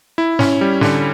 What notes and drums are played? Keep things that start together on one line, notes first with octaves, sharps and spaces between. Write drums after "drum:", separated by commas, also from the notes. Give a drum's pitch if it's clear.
E4
C#4, drum: snare
G3
D3, drum: snare